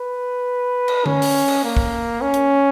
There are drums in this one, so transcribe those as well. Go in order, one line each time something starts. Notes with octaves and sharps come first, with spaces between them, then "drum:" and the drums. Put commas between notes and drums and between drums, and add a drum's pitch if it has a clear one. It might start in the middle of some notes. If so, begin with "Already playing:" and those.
Already playing: B4
drum: cymbal
C#4, drum: tom D3
drum: open hi-hat
drum: cymbal
A#3
drum: kick
C#4
drum: hi-hat